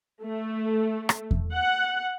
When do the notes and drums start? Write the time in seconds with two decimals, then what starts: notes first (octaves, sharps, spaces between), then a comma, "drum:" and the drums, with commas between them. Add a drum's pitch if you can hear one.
0.23 A3
1.09 drum: rim click
1.31 drum: kick E2
1.53 F#5